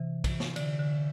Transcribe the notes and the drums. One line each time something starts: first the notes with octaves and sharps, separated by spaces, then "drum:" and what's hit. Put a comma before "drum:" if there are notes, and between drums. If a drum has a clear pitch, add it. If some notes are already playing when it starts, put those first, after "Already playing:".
Already playing: C3 E3
drum: kick, cymbal
drum: snare
D3, drum: cymbal
D3